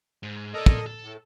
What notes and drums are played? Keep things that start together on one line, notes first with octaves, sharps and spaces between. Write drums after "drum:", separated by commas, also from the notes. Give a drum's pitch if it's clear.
G#2
A4 A#4 D5 D#5
drum: kick
A4
A2